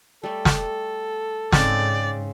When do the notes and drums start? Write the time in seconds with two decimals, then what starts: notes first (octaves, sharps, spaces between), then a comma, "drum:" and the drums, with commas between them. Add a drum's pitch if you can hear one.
0.23 G3 A3 A4
0.45 drum: snare
1.53 G#2 C#3 C4 D#4 D5, drum: snare